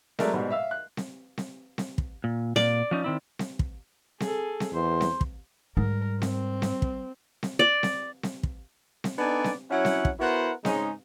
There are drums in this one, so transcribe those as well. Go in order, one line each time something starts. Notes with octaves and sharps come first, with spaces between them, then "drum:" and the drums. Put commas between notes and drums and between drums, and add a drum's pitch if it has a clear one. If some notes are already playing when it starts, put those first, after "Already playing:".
F#3 G#3 A3 A#4 D5 E5, drum: snare C4
G#2 B2 G3
E5 F5 E6
F#6
drum: snare C4
drum: snare C4
drum: snare C4
drum: kick
A#2
A#2 D5, drum: snare C4
F3 C#4 D#4
D#3 C4 E4
drum: snare C4
drum: kick
G#4 A4, drum: snare C4
drum: snare C4
E2 C5
drum: snare C4
drum: kick
G#2 G3 A#4
C4, drum: snare C4
drum: snare C4
drum: kick
drum: snare C4
D5
drum: snare C4
drum: snare C4
drum: kick
drum: snare C4
B3 D4 D#4 A4 D5 G#5
drum: snare C4
F#3 C#4 E4 F#5
drum: snare C4
drum: kick
B3 E4 F#4 A#4 C5 F#5
G#2 C#3 G#3 C#4 D#4, drum: snare C4